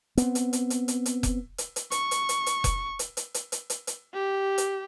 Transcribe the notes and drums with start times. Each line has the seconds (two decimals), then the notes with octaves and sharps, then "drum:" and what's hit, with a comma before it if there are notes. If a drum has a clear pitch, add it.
0.18 B3 C4, drum: hi-hat
0.35 drum: hi-hat
0.53 drum: hi-hat
0.70 drum: hi-hat
0.88 drum: hi-hat
1.06 drum: hi-hat
1.23 drum: kick F1, hi-hat
1.58 drum: hi-hat
1.76 drum: hi-hat
1.91 C#6, drum: hi-hat
2.11 drum: hi-hat
2.29 drum: hi-hat
2.46 drum: hi-hat
2.64 drum: kick F1, hi-hat
2.99 drum: hi-hat
3.17 drum: hi-hat
3.34 drum: hi-hat
3.52 drum: hi-hat
3.70 drum: hi-hat
3.87 drum: hi-hat
4.14 G4
4.58 drum: hi-hat